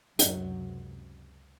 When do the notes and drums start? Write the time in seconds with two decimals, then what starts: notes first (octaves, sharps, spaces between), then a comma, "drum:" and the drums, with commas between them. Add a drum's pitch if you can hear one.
0.19 C#2 F#2 C3 F#3, drum: hi-hat